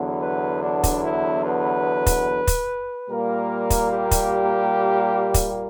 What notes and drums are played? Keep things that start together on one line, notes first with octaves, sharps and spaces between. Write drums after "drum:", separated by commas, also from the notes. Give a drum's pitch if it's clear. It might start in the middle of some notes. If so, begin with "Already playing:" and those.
Already playing: E2 D3 F#3 B3
B4
D4
drum: kick, hi-hat
E4
B4
drum: kick, hi-hat
drum: kick, hi-hat
A#2 G3 A#3 A#4
drum: kick, hi-hat
G4
drum: kick, hi-hat
drum: kick, hi-hat